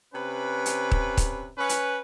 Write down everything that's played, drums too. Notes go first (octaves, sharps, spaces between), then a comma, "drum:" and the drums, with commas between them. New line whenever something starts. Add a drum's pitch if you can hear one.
C3 C#4 B4
drum: hi-hat
drum: kick
drum: kick, hi-hat
C#4 B4
drum: hi-hat